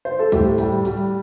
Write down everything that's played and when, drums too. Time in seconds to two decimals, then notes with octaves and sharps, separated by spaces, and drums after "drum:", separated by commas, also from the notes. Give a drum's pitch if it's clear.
0.05 C5
0.19 A4
0.32 A2 G4, drum: kick, tambourine
0.58 G3, drum: tambourine
0.85 G3, drum: tambourine